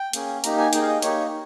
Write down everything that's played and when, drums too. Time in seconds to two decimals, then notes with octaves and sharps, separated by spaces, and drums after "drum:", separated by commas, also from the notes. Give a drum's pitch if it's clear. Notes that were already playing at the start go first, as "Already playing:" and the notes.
Already playing: G5
0.13 A#3 C#4 G#4, drum: hi-hat
0.44 A#3 D#4 G4 A#5, drum: hi-hat
0.58 G#5
0.73 A#3 D#4 G#4 G5, drum: hi-hat
0.82 F5
0.88 D#5
1.02 A#3 D#4 G4 C#5, drum: hi-hat